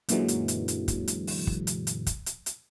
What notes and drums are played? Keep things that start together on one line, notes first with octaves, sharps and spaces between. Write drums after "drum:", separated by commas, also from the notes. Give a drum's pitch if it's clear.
F#2 A#2 D3 E3 F#3 G#3, drum: hi-hat
drum: hi-hat
drum: hi-hat
drum: hi-hat
drum: kick, hi-hat
drum: hi-hat
drum: open hi-hat
drum: kick
drum: hi-hat
drum: hi-hat
drum: kick, hi-hat
drum: hi-hat
drum: hi-hat